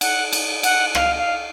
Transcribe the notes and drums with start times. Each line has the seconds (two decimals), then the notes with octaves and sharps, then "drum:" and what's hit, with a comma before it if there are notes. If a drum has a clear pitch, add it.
0.01 F#5, drum: cymbal
0.33 drum: cymbal
0.63 F#5, drum: cymbal
0.95 F5, drum: rim click
1.18 F5